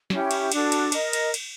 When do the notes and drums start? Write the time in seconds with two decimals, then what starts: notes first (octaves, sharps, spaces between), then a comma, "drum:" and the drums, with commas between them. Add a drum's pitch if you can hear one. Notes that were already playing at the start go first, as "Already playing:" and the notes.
0.10 C#4 E4 G4, drum: snare
0.31 drum: cymbal
0.52 D4 F#4 A4, drum: cymbal
0.72 drum: cymbal
0.92 A#4 D#5, drum: cymbal
1.13 drum: cymbal
1.34 drum: cymbal